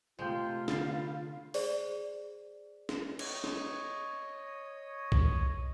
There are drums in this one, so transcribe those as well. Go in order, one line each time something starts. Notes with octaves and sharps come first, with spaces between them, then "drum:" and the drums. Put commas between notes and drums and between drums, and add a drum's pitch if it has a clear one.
C3 G#3 A3 F4 C5 G5 G6
D3 B5 A6 C7, drum: snare
G#4 C5 D5, drum: open hi-hat
drum: snare
C#5 D#5 D#6, drum: cymbal
drum: snare
drum: kick B1